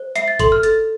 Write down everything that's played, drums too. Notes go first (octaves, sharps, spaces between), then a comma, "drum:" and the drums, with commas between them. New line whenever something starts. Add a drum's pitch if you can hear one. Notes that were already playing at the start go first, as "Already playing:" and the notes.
Already playing: C5
E5 C7, drum: hi-hat
A6
A4 C6, drum: kick G1, hi-hat
F6
A4 A6, drum: hi-hat